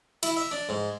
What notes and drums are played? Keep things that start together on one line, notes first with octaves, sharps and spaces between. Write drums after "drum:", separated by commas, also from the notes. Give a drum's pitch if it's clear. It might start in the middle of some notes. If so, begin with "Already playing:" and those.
E4, drum: cymbal
E5
D4
G#2